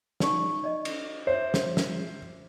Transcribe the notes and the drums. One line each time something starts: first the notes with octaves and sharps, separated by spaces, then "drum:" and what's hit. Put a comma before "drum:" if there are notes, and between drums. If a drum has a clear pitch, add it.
D#4 D5 C#6, drum: snare
D5 D#5
drum: cymbal
C5 C#5 E5
drum: snare
drum: snare